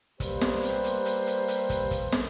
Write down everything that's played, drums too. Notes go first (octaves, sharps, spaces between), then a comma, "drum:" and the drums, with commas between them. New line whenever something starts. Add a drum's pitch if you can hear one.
G3 A#3 G4 B4 C5, drum: kick, hi-hat
drum: snare
drum: hi-hat
drum: hi-hat
drum: hi-hat
drum: hi-hat
drum: hi-hat
drum: kick, hi-hat
drum: kick, hi-hat
drum: snare